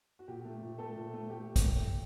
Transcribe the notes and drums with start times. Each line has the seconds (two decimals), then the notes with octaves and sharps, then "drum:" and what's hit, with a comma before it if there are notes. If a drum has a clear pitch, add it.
0.19 F#4
0.28 A#2 G4
0.45 A3
0.62 A#2
0.78 A3 A4
0.96 A#2
1.13 A3
1.30 A3 G4
1.56 drum: kick, hi-hat